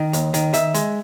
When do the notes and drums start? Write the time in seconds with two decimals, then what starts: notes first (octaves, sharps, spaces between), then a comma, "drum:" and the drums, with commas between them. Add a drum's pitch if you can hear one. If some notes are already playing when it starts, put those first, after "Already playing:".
Already playing: D#3 D#5
0.13 D#2, drum: hi-hat
0.34 D#3, drum: hi-hat
0.54 D#3 E5, drum: hi-hat
0.74 G#3, drum: hi-hat